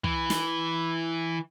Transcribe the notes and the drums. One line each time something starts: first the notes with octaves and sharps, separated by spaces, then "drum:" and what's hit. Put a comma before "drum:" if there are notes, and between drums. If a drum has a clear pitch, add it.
E3, drum: kick
drum: snare